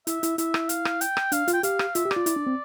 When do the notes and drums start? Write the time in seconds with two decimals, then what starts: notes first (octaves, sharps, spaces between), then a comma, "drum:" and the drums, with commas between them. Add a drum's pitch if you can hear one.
0.07 E4 E5, drum: hi-hat
0.23 E4, drum: hi-hat
0.38 E4 E5, drum: hi-hat
0.54 drum: rim click
0.69 F5, drum: hi-hat
0.85 drum: rim click
1.01 G5, drum: hi-hat
1.17 drum: rim click
1.32 D4 F5, drum: hi-hat
1.48 F4, drum: hi-hat
1.53 G5
1.63 G4 F5, drum: hi-hat
1.79 drum: rim click
1.95 F4 E5, drum: hi-hat
2.05 G4
2.11 D5, drum: rim click
2.16 F4
2.26 E4, drum: hi-hat
2.36 D4
2.47 C4